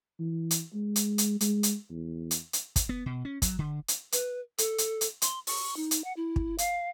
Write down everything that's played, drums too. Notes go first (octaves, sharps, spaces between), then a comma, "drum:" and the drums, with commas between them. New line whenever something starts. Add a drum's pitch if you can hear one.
E3
drum: hi-hat
G#3
drum: hi-hat
drum: hi-hat
G#3, drum: hi-hat
drum: hi-hat
E2
drum: hi-hat
drum: hi-hat
drum: kick, hi-hat
B3
B2
C#4
F#3, drum: kick, hi-hat
D3
drum: hi-hat
B4, drum: hi-hat
A4, drum: hi-hat
drum: hi-hat
drum: hi-hat
C6, drum: hi-hat
C#6, drum: open hi-hat
D#4
drum: hi-hat
F#5
E4
drum: kick
F5, drum: hi-hat